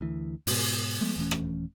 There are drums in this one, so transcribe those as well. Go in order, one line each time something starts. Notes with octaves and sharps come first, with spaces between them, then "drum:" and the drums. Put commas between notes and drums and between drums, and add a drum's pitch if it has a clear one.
D2 E3
G#2 B2, drum: open hi-hat
F3 G#3 A3 B3
D#1 E3 A3 C#4
drum: rim click